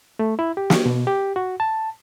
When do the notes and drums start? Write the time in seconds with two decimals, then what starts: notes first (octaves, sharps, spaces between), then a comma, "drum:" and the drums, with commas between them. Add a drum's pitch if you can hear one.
0.19 A3
0.39 E4
0.57 G4
0.70 drum: snare
0.86 B2
1.07 G4
1.36 F#4
1.60 A5